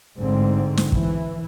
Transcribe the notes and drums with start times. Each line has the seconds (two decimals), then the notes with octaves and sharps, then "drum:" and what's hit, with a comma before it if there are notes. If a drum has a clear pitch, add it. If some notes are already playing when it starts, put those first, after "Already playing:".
0.16 A1 G#2 D3 C4
0.77 drum: snare
0.92 E3, drum: kick